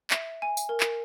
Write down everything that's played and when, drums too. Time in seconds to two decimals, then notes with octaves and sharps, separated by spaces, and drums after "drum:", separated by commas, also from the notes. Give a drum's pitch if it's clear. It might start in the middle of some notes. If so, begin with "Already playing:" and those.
0.10 E5, drum: clap
0.42 G#5
0.57 drum: tambourine
0.69 A#4
0.80 drum: clap